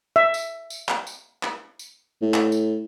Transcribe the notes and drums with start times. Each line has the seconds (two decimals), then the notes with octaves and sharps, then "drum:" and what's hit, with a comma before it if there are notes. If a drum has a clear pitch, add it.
0.16 E5
0.34 drum: tambourine
0.70 drum: tambourine
0.89 drum: clap
1.07 drum: tambourine
1.43 drum: clap
1.79 drum: tambourine
2.22 A2
2.34 drum: clap
2.52 drum: tambourine